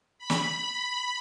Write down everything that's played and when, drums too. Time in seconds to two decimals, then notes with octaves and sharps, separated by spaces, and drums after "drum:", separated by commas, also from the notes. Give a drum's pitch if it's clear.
0.18 B5
0.30 drum: snare